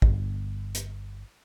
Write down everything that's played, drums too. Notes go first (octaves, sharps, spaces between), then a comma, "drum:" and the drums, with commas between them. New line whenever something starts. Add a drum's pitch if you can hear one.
G1, drum: kick A1
drum: hi-hat